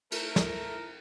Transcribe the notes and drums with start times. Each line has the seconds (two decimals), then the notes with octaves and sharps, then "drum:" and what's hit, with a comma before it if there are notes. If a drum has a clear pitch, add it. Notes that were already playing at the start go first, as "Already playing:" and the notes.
0.12 A3 A#4, drum: cymbal
0.36 drum: snare